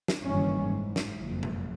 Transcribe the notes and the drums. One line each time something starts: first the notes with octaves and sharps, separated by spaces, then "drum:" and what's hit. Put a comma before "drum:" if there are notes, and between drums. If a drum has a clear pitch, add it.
drum: snare
F#1 G2 D#3 E3 G3 C#4
G#2
drum: snare
F#1 F2
drum: tom